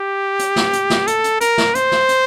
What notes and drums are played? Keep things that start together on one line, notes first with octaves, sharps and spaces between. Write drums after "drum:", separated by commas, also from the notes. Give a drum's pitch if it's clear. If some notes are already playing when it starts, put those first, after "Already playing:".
Already playing: G4
drum: hi-hat
drum: snare
drum: hi-hat
drum: snare
A4, drum: hi-hat
drum: hi-hat
A#4, drum: hi-hat
drum: snare
C5, drum: hi-hat
drum: snare
drum: hi-hat